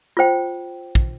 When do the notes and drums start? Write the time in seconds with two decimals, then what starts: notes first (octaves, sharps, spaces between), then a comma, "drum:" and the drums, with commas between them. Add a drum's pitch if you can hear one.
0.17 F4 C5 G5
0.95 drum: kick